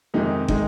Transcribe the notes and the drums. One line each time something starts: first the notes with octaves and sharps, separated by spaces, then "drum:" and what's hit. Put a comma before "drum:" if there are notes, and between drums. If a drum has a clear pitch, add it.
F2 C3 D#3 G#3 D#4
C3 D#3 G#3 D#4, drum: kick